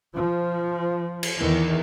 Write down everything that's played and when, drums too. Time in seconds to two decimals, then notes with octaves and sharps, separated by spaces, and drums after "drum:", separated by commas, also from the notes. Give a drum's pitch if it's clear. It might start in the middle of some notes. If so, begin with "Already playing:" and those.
0.13 F3
1.23 drum: cymbal
1.37 E2 D#3 E3